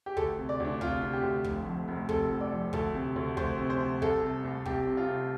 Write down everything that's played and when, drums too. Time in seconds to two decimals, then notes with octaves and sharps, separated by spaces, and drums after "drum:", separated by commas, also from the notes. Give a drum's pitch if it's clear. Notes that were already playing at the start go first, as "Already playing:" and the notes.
0.06 G4
0.17 D2 A4, drum: kick
0.39 C3
0.49 D5
0.60 D2 D4
0.81 C3 F4, drum: kick
1.03 C3
1.13 G4
1.23 D2
1.44 F1, drum: kick
1.66 F2
1.88 F1
2.09 C3 A4, drum: kick
2.31 F1
2.41 D5
2.52 F2
2.73 D2 A4, drum: kick
2.95 C3
3.16 D2
3.37 D2 C5, drum: kick
3.59 C3
3.70 C5
3.80 C3
4.02 C2 A4, drum: kick
4.23 C3
4.44 C2
4.65 C2 G4, drum: kick
4.87 C3
4.97 F4
5.08 C3